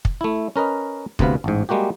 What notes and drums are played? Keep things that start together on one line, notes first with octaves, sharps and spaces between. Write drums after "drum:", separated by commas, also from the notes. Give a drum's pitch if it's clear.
drum: kick
A3 E4
C#4 A#4 B4 D#5
D2 C3 B3 B4 F5, drum: kick
A1 G#2
G3 G#3 A#3 F#4 G4